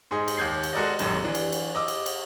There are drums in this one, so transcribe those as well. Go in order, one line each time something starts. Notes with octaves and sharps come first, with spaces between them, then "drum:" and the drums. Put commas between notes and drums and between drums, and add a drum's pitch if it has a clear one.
G#2 G#4 D#5
drum: cymbal
D#2 G6 G#6 C7
drum: cymbal
G#3 F#4 A4 A#4 D5 D#5
D1 A#1 F#2 D#3, drum: cymbal
E3 D4
drum: cymbal
drum: cymbal
D#5 D6 E6
drum: cymbal
drum: cymbal